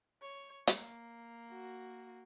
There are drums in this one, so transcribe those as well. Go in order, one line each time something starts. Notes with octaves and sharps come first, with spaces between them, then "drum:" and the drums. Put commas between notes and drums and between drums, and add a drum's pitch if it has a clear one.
C#5
A#3, drum: hi-hat
F#4